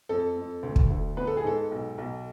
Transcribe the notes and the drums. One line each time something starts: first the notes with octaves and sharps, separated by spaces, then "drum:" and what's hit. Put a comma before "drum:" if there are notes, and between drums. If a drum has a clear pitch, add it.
F2 A4
F2
D2
drum: kick
D2
B3 B4
A4
G#4
G#2 A4
B1
B1